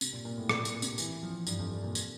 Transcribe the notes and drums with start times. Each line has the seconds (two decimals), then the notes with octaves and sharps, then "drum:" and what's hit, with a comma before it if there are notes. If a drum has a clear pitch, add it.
0.01 C3, drum: tambourine
0.13 A#2
0.25 A#2
0.38 A2
0.49 A#2, drum: rim click
0.65 A#2, drum: tambourine
0.82 C3, drum: tambourine
0.98 E3, drum: tambourine
1.23 F3
1.47 G2, drum: tambourine
1.59 F2
1.71 G2
1.83 A#2
1.95 drum: tambourine